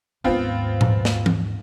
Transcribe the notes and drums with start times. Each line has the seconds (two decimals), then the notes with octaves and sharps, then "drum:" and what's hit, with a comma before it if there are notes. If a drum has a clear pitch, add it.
0.24 D#2 G#2 B3 C4 F4
0.81 drum: tom A2
1.05 drum: snare
1.26 drum: tom E3